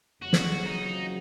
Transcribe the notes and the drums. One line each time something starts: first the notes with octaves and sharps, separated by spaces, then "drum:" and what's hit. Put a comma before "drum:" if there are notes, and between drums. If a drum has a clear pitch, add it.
F#1 F2 C#3 F#3 F#4
drum: snare
D#4